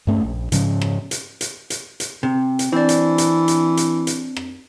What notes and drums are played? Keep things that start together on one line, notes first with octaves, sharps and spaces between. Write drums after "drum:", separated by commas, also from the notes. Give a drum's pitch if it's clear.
G2 A3 C#4
A#1
G#2 C#3 F3 C#4, drum: hi-hat
drum: rim click
drum: hi-hat
drum: hi-hat
drum: hi-hat
drum: hi-hat
C3
drum: hi-hat
E3 C4 D4
drum: hi-hat
drum: hi-hat
drum: hi-hat
drum: hi-hat
drum: hi-hat
drum: rim click